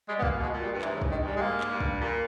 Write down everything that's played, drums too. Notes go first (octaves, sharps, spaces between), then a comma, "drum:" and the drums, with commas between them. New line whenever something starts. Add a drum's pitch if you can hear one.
G3 G#3
B3
E3 A#3, drum: kick
B2
G#3
A#2
G3
G2
G#2 E3, drum: clap
C#3
G2, drum: kick
D#3
G#2
G3
G#3
G#2 A#3
drum: clap
G2
drum: kick
A#2